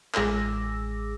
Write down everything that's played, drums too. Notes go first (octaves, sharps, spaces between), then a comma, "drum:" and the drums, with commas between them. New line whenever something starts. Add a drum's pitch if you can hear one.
A1 G#3 G#4 D6 E6 A#6, drum: clap